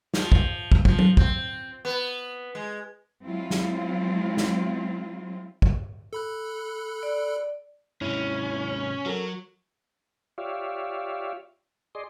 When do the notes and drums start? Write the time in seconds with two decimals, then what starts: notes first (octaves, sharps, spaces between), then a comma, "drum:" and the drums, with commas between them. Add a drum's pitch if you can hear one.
0.14 F3, drum: snare
0.32 drum: kick
0.72 drum: kick
0.85 F3, drum: kick
0.99 drum: tom F#3
1.17 C4, drum: kick
1.85 B3
2.55 G#3
3.24 F3 F#3 G#3 C4 E4 F4
3.50 drum: snare
4.37 drum: snare
5.62 drum: kick
6.13 A4 B5 F#6
7.03 D5
8.02 G#2 C3 C#4 E4
9.06 F#3 F#4 A4 A#4
10.38 F4 G4 C#5 D5 E5 F5
11.95 G#4 D5 D#5 C6